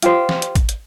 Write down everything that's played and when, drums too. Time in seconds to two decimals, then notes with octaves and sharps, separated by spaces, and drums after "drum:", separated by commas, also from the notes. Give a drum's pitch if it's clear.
0.02 F4 G4 C5, drum: hi-hat
0.29 drum: snare
0.42 drum: hi-hat
0.55 drum: kick, hi-hat
0.69 drum: hi-hat